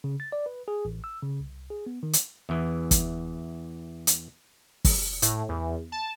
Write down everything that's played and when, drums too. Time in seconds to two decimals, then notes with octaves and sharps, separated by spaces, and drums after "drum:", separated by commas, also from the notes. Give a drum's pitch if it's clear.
0.04 C#3
0.20 A6
0.32 D5
0.46 B4
0.68 G#4
0.85 A1
1.04 E6
1.23 C#3
1.40 C2
1.70 G#4
1.86 B3
2.03 D#3
2.13 drum: hi-hat
2.49 E2 E3
2.91 drum: kick, hi-hat
4.07 drum: hi-hat
4.85 drum: kick, open hi-hat
5.22 A2, drum: hi-hat
5.49 E2
5.92 A5